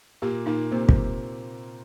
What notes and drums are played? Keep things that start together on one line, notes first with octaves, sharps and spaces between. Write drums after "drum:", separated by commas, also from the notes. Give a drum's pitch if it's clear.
A#2 A#3 G4
A#2 A#3 D#4
C3 A#3 C4
drum: kick